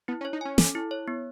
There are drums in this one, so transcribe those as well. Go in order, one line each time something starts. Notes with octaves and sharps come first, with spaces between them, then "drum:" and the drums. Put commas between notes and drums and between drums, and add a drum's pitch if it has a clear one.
B3 E4
C#4
C#5
D#4
C#4 G#5
A4, drum: snare
E4
C#5
B3